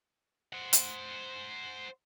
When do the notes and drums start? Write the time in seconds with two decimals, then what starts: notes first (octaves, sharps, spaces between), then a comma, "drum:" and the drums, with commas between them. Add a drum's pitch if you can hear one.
0.53 C5 F#5
0.73 drum: hi-hat